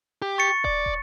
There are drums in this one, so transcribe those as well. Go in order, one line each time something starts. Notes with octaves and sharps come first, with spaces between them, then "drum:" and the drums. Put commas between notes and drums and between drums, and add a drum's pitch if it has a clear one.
G4
C#6 A6 C#7
D5, drum: kick
drum: kick